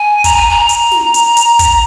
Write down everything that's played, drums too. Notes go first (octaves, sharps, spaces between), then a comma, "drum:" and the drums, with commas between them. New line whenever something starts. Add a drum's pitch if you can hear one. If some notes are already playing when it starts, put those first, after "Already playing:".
Already playing: G#5
A#5, drum: kick, hi-hat
G#5
A#5
drum: hi-hat
drum: snare
drum: hi-hat
drum: hi-hat
drum: kick, hi-hat